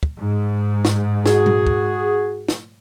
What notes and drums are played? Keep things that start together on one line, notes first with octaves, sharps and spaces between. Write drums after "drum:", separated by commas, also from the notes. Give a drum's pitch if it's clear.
drum: kick
G#2
drum: snare
F#4 G#4, drum: snare
drum: tom A#2
drum: kick
drum: snare